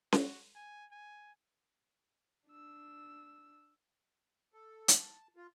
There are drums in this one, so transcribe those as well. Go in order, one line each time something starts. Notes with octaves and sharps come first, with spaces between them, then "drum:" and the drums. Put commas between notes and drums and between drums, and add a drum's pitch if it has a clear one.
F#4, drum: snare C#4
G#5
G#5
D4 E6
A4
drum: hi-hat
A5
F4